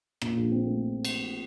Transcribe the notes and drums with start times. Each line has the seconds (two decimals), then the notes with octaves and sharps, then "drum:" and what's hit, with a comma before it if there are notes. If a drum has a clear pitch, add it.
0.22 A#2, drum: rim click
0.37 A#1
0.52 C4
0.66 A3
1.05 drum: cymbal